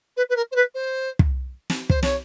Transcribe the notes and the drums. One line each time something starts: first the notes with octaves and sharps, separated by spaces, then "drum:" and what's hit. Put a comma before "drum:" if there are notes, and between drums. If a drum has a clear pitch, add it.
B4
B4
A#4
C5
B4
C5
drum: kick
drum: snare
C5, drum: kick
C#5, drum: snare